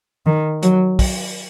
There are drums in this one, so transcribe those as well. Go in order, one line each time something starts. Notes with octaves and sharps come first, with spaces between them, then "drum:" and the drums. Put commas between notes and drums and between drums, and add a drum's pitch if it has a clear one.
D#3
F#3, drum: hi-hat
drum: kick, open hi-hat